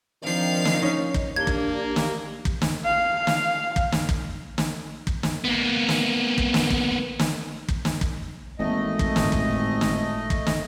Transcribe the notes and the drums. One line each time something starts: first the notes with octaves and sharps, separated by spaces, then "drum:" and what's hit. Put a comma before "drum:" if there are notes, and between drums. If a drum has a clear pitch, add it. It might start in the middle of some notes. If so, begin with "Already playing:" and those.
D#3 F3 C4 D4 F5 C7
drum: snare
C#4 D#4
drum: kick
A#3 D4 G4 G#6 G7
drum: kick
drum: snare
drum: kick
drum: snare
F5
drum: snare
drum: kick
drum: snare
drum: kick
drum: snare
drum: kick
drum: snare
A#3 B3
drum: snare
drum: kick
drum: snare
drum: kick
drum: snare
drum: kick
drum: snare
drum: kick
G#1 E3 A3 A#3 D#5
drum: kick
G1 A2, drum: snare
drum: kick
drum: snare
drum: kick
drum: snare